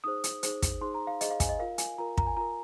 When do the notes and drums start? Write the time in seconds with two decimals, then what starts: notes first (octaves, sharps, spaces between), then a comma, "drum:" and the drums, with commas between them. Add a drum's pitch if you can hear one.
0.04 D#4 G#4 C5 D#6
0.24 drum: hi-hat
0.43 D#4 G#4 C5, drum: hi-hat
0.62 drum: kick, hi-hat
0.81 D#4 G#4 C5 C6
0.94 A#5
1.07 F5
1.21 D#4 G#4 C5 D#5, drum: hi-hat
1.31 F5
1.40 G#5, drum: kick, hi-hat
1.49 D#5
1.59 F4 A#4 F5
1.78 G#5, drum: hi-hat
1.98 F4 A#4 A#5
2.17 A#5, drum: kick
2.27 G#5
2.37 F4 A#4 A#5